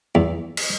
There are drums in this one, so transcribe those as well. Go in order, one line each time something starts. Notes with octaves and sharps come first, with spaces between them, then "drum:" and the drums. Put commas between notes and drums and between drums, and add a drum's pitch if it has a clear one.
E2
drum: cymbal